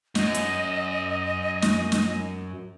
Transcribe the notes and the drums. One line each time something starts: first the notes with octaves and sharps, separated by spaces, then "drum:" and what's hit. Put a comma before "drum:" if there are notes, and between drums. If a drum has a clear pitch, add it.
F#2 D#5, drum: snare
drum: hi-hat
drum: snare
drum: snare